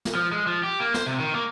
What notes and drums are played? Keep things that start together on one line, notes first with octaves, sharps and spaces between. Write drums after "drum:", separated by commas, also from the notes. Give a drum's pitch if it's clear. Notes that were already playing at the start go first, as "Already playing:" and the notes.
drum: snare
F3
G#3
F3
G4
A#3
C5, drum: snare
C3
D#3
A#3